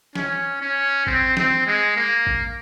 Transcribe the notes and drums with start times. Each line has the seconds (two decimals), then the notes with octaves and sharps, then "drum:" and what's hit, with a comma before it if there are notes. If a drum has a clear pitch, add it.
0.15 C#4, drum: snare F3
0.62 C#4
1.07 C4, drum: kick A1
1.37 C4, drum: snare F3
1.67 G#3
1.96 A#3
2.27 drum: kick A1